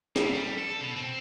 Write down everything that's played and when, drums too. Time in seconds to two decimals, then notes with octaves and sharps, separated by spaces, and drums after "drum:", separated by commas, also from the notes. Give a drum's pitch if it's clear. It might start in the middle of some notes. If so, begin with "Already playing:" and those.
0.16 A2, drum: snare
0.34 G3
0.58 A4
0.80 B2
0.96 C4